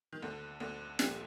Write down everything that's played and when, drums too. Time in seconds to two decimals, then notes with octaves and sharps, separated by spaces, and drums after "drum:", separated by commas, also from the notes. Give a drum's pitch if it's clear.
0.13 D#3
0.22 D2 D3
0.60 D2 D3
0.99 A#1 A#2, drum: snare